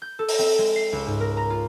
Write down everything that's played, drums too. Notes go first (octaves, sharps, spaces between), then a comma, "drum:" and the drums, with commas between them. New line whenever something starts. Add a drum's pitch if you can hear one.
G6
A4
drum: open hi-hat
C4
G#3
C7
C#2
G#2
A#4
A#5
F4